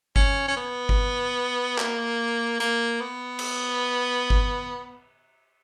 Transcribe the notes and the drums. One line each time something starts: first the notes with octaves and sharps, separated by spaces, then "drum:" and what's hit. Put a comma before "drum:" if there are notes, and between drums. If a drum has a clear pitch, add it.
C#4, drum: kick G1
C#4
B3
drum: kick G1
A#3, drum: clap
A#3, drum: hi-hat
B3
drum: cymbal
drum: kick G1